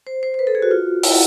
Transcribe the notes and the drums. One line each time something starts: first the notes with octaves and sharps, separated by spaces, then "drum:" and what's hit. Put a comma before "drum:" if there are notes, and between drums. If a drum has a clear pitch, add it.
C5
C5
C5
B4
A4
G#4
F#4
F4
E4, drum: open hi-hat